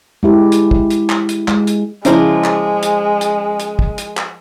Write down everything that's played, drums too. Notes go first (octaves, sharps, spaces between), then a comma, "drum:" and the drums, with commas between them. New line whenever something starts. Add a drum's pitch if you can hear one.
G#3 E4 G4
drum: hi-hat
drum: kick
drum: hi-hat
drum: clap
drum: hi-hat
G#3, drum: clap
drum: hi-hat
C#3 F3 G#3 A#3 E4 F4 C5, drum: hi-hat
drum: clap
drum: hi-hat
drum: hi-hat
drum: hi-hat
drum: kick
drum: hi-hat
drum: clap